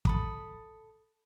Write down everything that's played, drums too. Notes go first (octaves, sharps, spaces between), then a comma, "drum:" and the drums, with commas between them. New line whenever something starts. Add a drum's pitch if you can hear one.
A4 B5 D#6, drum: kick